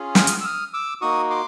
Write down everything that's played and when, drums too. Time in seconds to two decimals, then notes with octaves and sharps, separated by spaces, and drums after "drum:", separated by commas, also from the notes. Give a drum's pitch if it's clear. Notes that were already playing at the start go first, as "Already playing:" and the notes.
Already playing: C#4 F4 G#4
0.15 D#6 F6, drum: snare
0.27 drum: hi-hat
0.41 E6
0.44 D#6 F6
0.74 D6 E6
1.01 A#3 D#4 F#4 C#6 D#6
1.30 C6 D6